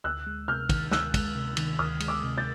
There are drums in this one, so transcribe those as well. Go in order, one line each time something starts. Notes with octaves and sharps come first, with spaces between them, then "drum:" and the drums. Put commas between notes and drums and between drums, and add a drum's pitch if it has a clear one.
D2 E6 F#6
G#3
C3 F6 G6
D#3, drum: kick, cymbal
D2 E6 F#6, drum: snare
G#3, drum: kick, cymbal
C3
D#3, drum: cymbal
D2 D#6 F6
G#3, drum: cymbal
D6 E6
C3
G6 A6